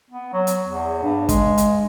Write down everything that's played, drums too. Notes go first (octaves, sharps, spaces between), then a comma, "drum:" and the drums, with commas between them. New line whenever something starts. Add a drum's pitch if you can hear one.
B3
F#3
drum: hi-hat
E2
G2
G#3, drum: kick, hi-hat
drum: hi-hat